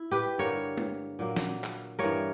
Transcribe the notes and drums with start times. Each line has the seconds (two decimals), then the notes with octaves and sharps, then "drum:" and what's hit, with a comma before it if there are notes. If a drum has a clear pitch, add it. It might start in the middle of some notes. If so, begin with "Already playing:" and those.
Already playing: E4
0.11 G4 B4
0.38 G2 D3 A#3 A#4 C#5
0.78 drum: tom G#3
1.19 A#2 F#3 A#3
1.36 drum: snare
1.64 drum: clap
1.99 G2 E3 G3 A#3 A#4 C#5